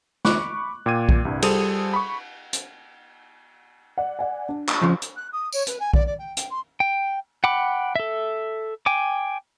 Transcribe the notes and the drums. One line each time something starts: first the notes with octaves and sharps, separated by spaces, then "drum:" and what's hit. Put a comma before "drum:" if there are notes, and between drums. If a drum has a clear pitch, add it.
B5 C#6 D6 F#6, drum: snare
A#2 G5 D6 G#6 D#7
drum: kick
C2 G2
G3 G#4 A4 C5 D#6 D#7, drum: cymbal
B5 C#6
drum: hi-hat
D5 F#5
D5 F#5 G#5
D4
drum: clap
F2 C#3 F3
drum: hi-hat
F#6
D#6
C#5, drum: tambourine
B4, drum: hi-hat
G#5
D5, drum: kick
D5
G5
G5, drum: hi-hat
C6
G5
F#5 G5 B5 D6
A4 E5
G5 G#5 D6